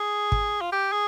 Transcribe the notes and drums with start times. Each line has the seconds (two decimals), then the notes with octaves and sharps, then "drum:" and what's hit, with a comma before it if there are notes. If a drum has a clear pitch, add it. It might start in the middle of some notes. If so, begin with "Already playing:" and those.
Already playing: G#4
0.32 drum: kick
0.61 F4
0.72 G4
0.92 G#4